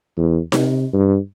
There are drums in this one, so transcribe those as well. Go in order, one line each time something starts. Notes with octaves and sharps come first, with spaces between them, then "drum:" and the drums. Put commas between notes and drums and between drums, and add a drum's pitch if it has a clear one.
E2
C3, drum: snare D#4
G2